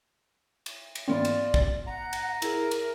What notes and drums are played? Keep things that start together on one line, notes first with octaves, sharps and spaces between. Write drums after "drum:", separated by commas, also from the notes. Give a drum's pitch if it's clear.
drum: cymbal
drum: cymbal
G#2 E3 A#3 B3 C#4 F4 D5 G5
drum: cymbal
drum: kick
F#5 A#5
drum: cymbal
E4 G#4 A#4, drum: cymbal
drum: cymbal